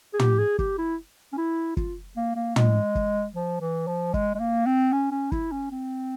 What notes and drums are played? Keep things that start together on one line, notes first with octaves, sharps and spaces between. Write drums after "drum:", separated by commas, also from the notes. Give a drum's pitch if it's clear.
G#4
G4, drum: tom
G#4
G4, drum: kick
E4
C#4
E4
F4, drum: kick
A#3
A#3
G#3, drum: tom
drum: kick
F3
E3
F3
G#3, drum: kick
G#3
A#3
C4
C#4
C#4
E4, drum: kick
C#4
C4